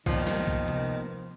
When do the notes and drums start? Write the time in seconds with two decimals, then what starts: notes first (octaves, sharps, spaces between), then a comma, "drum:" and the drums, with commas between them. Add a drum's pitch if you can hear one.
0.06 D#2 D#3 F3 A#3 B3, drum: kick B1
0.27 drum: snare
0.47 drum: kick B1
0.68 drum: tom C3